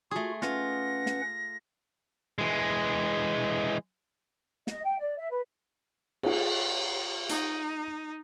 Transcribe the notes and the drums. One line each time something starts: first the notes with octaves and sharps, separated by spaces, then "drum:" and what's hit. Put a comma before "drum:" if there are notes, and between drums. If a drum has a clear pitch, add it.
A3 F4 F#4 G#4
C#4 F4 B4 F#5 A#6, drum: snare
drum: snare
E3 G#3
D#5, drum: snare
G5
D5
E5
B4
F4 G#4, drum: cymbal
D#4, drum: hi-hat